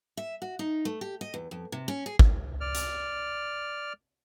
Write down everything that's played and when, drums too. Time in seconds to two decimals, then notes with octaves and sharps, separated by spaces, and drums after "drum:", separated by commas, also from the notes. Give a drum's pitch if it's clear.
0.17 E5
0.42 F#4
0.59 D#4
0.85 A3
1.01 G4
1.21 D#5
1.34 E2
1.51 F2
1.72 C3
1.88 C#4
2.06 G#4
2.19 drum: kick G#1
2.61 D5 F6
2.75 drum: hi-hat